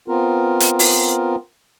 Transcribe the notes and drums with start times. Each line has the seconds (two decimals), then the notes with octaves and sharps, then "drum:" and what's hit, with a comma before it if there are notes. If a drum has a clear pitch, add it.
0.08 B3 C4 F4 A#4
0.60 drum: hi-hat
0.79 drum: open hi-hat